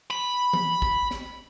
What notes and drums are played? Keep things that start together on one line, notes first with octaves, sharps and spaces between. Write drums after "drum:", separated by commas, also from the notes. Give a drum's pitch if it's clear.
B5
drum: tom E3
drum: kick
drum: snare